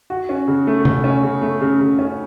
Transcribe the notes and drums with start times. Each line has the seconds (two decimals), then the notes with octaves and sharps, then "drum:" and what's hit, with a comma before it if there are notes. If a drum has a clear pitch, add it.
0.10 F#4
0.29 C#4
0.48 C#3
0.67 A3
0.85 C#4, drum: tom C3
1.04 C#4
1.23 C#3
1.42 A3
1.61 C#3
1.81 C#3
1.99 C#4